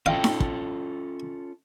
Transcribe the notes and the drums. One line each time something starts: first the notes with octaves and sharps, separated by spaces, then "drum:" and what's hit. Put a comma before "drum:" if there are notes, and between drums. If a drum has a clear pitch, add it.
C#4 E4 F4 A4 D#5 F5 G5
drum: snare D#4
drum: kick